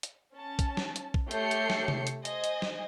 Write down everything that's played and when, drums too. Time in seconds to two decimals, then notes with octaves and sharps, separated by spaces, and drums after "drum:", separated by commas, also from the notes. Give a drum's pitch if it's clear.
0.03 drum: hi-hat
0.33 C#4 A5
0.59 drum: kick A#1, hi-hat
0.77 drum: snare
0.96 drum: hi-hat
1.14 drum: kick A#1
1.31 A3 G4 C#5 G6 C7 C#7, drum: hi-hat
1.51 drum: hi-hat
1.70 drum: snare
1.88 drum: tom C3
2.07 drum: hi-hat
2.25 C5 D#5 G#5, drum: hi-hat
2.44 drum: hi-hat
2.62 drum: snare